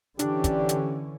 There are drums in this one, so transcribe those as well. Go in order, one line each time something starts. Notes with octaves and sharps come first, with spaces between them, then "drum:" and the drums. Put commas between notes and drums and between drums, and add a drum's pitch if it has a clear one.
D3 E3 C#4 D4 G4, drum: hi-hat
drum: kick, hi-hat
drum: hi-hat